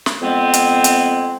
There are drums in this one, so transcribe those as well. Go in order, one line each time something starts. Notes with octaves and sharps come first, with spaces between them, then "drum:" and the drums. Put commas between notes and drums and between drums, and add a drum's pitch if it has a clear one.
drum: snare
F2 G#3 B3 C4
drum: hi-hat
drum: hi-hat